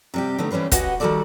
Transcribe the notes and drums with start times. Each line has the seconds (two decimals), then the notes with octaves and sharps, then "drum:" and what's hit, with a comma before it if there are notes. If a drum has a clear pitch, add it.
0.14 C3 G3 G4
0.38 D3 A3 B3 D#4
0.51 E3 G3 C#4 B4 C5
0.72 F#4 G4 B4 D#5 F#5 G#5, drum: kick, hi-hat
1.00 D#3 G3 C#4 F#4 A4 D5